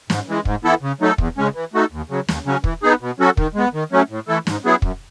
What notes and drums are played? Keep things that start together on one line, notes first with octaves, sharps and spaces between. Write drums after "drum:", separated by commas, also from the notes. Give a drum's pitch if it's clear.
G#2, drum: snare
E3 G#3
G#2, drum: kick
E3 B3 E4 A4
C#3
F#3 A3 D#4 A4
E2, drum: kick
C#3 G#3 C#4
E3
A3 D#4 F#4 A4
D#2
C#3 F#3
D#2, drum: snare
C#3 F#3 C#4
E3, drum: kick
B3 D#4 G#4
B2
F#3 C#4 F#4 A4
D#3, drum: kick
G#3 B3
D#3
F#3 A3 C#4
A2
E3 A3 E4 A4
G#2, drum: snare
F#3 B3 E4 G#4
F#2, drum: kick